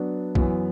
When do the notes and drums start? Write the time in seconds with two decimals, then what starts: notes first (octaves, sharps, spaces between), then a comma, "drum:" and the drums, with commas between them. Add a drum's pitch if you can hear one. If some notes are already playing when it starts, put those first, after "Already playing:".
Already playing: F#3 B3 D4
0.35 F#2 E3 B3, drum: kick